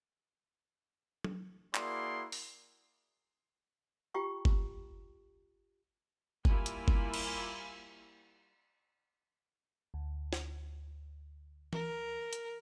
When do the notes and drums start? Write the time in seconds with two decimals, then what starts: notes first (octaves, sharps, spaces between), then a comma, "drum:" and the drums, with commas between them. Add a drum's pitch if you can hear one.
1.24 drum: tom F#3
1.75 A#3 E4 F#4 G#4 D5 C6, drum: clap
2.32 drum: open hi-hat
4.14 F4 G4 G5 A#5 C#6
4.45 drum: kick G1
6.45 G3 A#3 E4 F4 G#5 B5, drum: kick G1
6.66 drum: hi-hat
6.88 drum: kick G1
7.14 drum: cymbal
9.94 D2
10.33 drum: snare
11.73 A#4, drum: tom E3
12.33 drum: hi-hat